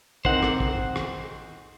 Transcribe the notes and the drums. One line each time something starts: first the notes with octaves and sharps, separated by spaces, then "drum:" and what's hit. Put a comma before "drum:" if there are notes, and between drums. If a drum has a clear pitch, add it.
C4 D#4 A#4 C5 F#5, drum: kick
drum: rim click
drum: kick
drum: rim click